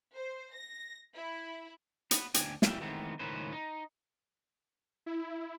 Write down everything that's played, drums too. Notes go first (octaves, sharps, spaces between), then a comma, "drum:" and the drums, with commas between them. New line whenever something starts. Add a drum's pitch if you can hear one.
C5
A#6
E4
B3, drum: hi-hat
D2 D4 G5 G#5, drum: hi-hat
E2 E3 G3 E5 G5, drum: snare
D#3 E3 G#3 A3 B3 C4
C#2 A2 D#3 C#4 B4 C5
D#4
E4